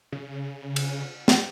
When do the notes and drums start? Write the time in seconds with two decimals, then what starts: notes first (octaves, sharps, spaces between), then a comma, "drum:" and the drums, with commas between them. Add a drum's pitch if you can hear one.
0.12 C#3
0.76 drum: cymbal
1.28 drum: snare